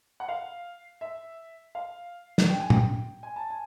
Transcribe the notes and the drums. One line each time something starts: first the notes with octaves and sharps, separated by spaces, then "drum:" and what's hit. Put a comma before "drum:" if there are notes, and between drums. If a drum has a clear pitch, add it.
F#5
F5
E5
F5
drum: snare
G5
G#5
G5, drum: tom
G#5
A5
G#5